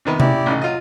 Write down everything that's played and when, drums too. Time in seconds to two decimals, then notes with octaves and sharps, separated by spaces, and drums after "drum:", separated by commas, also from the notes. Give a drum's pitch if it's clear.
0.05 C3 D#3 B3
0.20 C#3 E4 G4 D5, drum: tom C3
0.46 A1 C#3 D#4
0.62 F#3 F4 D#5